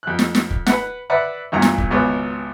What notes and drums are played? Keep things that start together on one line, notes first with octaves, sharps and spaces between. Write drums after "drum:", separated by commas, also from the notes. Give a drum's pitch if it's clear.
F2 F#6
drum: snare
drum: snare
drum: kick
B4 F#5, drum: snare
B4 D5 E5 F#5
E2 G2 A#2 F#5 A#5
drum: snare
drum: kick
G#1 C#2 G#3 B3